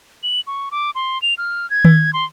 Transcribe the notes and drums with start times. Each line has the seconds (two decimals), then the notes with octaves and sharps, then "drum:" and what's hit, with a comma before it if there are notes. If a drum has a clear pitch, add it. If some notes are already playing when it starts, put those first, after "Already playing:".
0.23 F#7
0.47 C#6
0.71 D6
0.95 C6
1.22 F7
1.38 F6
1.70 G#6
1.85 drum: tom D#3
2.13 C6